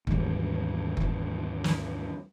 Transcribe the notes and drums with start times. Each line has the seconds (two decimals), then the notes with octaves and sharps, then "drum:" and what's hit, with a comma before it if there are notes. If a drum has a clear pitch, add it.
0.07 D#2 G#2 E3 G3, drum: kick F#1
0.97 drum: kick F#1
1.64 drum: snare